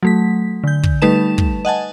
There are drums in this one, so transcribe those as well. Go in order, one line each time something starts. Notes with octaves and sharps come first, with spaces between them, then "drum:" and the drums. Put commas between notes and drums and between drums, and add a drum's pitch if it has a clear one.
F#3 A3 B6
D3 G6
drum: kick
G3 A3 D#4 B4 A5 E7
drum: kick
D#5 F#5 G#5 A5